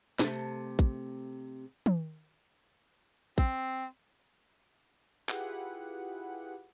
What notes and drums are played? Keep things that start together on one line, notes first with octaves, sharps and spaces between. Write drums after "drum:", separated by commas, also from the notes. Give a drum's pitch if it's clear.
C3 A3, drum: snare
drum: kick
drum: tom
C4, drum: kick
E4 F4 G4 G#4 B4 F#5, drum: clap